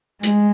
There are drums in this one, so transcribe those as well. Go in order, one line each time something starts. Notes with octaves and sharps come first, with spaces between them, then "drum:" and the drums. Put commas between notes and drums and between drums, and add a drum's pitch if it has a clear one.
G#3, drum: hi-hat